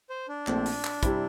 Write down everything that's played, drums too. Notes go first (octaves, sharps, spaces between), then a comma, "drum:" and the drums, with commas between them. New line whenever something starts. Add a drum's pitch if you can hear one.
C5
D4
A#1 A#2 A3 C4, drum: clap
drum: open hi-hat
drum: clap
C3 G3 C4 E4, drum: kick, hi-hat